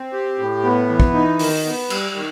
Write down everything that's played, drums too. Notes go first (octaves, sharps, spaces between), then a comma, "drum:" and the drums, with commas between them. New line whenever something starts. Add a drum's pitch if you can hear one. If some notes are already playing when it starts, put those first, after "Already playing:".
Already playing: C4
G4
A2
B3
E3
drum: kick A#1
D#4
D#3, drum: open hi-hat
B3
G3, drum: cymbal
D#3